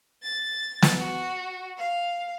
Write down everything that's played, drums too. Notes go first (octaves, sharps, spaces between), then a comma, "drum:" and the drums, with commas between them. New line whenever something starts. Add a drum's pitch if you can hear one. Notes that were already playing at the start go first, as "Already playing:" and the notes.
A6
drum: snare
F#4
F5